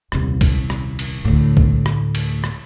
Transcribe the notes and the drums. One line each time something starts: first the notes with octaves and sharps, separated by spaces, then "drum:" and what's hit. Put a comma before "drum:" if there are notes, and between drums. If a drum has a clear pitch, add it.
D#1 C2, drum: rim click
drum: kick B1, cymbal
drum: rim click
drum: cymbal
D2 A2
drum: kick B1
drum: rim click
drum: cymbal
drum: rim click